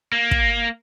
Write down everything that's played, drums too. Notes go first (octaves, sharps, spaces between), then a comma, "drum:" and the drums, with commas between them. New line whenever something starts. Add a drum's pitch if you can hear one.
A#3
drum: kick